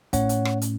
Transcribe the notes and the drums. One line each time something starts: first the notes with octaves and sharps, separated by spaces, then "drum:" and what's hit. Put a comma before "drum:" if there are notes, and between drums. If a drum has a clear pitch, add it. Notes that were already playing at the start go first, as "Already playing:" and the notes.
A2 A3 C#4 C#5 F#5, drum: kick, hi-hat
drum: hi-hat
drum: rim click
drum: hi-hat